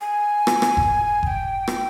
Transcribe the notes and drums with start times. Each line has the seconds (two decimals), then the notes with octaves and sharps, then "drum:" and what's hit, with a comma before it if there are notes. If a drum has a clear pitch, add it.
0.01 G#5
0.47 drum: rim click
0.62 drum: rim click
0.77 drum: kick F#1
1.23 G#5, drum: kick F#1
1.27 G5
1.68 drum: rim click